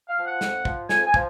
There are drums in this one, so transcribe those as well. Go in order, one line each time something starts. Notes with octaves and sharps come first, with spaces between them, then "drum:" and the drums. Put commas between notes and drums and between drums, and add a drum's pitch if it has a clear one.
F5
F3
F#5
F2, drum: snare
F3, drum: kick
F2 G#5, drum: snare
G#5
F3, drum: kick